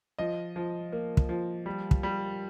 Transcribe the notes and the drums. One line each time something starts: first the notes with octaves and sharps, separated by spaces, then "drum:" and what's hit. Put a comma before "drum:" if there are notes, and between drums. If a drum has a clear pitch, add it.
F3 D#5
F3
A#3
drum: kick
F3
G3
drum: kick
G3